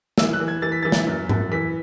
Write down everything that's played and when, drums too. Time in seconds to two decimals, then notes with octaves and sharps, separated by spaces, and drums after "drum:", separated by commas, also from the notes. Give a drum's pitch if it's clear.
0.18 E3 E6, drum: snare
0.33 F#6
0.40 E3
0.48 G#6
0.62 E3 A6
0.72 B6
0.83 E3 A6
0.92 drum: snare
1.07 F#2
1.29 F#2, drum: tom G#2
1.51 E3 B6